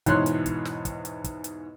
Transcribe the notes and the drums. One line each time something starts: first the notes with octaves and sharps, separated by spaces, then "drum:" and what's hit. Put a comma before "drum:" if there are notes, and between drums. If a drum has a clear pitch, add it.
E2 G#2 B2 C#5 C6 F#6, drum: kick, hi-hat
drum: hi-hat
drum: kick, hi-hat
drum: snare
drum: kick, hi-hat
drum: hi-hat
drum: kick, hi-hat
drum: hi-hat